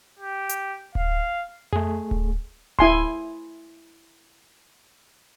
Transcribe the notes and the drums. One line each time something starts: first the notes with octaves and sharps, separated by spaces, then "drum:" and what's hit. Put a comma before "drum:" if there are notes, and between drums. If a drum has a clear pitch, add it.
G4
drum: hi-hat
F5, drum: kick D1
A3 G#4, drum: tom F2
drum: kick D1
E4 G#5 C6, drum: kick D1